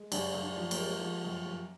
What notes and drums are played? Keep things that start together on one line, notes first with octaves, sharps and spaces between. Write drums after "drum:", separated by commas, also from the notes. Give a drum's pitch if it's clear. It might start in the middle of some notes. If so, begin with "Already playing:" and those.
Already playing: G#3
F#2 D4, drum: cymbal
F#2
D4
F3
A#3, drum: cymbal
G#3
F3
F#2
F#2